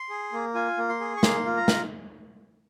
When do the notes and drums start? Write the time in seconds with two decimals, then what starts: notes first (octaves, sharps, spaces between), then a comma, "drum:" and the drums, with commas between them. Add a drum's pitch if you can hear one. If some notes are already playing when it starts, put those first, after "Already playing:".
Already playing: C6
0.10 G#4
0.32 A#3
0.54 F4 G#5
0.78 A#3
0.89 C6
1.00 G#4
1.17 C#6
1.23 A#3 C6, drum: snare
1.46 F4
1.57 A#5
1.68 drum: snare